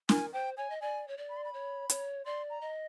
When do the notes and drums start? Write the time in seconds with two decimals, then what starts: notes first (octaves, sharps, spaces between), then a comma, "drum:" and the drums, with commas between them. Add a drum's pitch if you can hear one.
0.09 A#4 G#5, drum: snare
0.33 C5 G5
0.57 C#5 G#5
0.70 D#5
0.81 D5 G#5
1.08 C#5
1.17 D5
1.29 B5
1.37 C6
1.44 B5
1.54 C#5
1.90 C#5, drum: hi-hat
2.26 D5 C6
2.50 A#5
2.61 D#5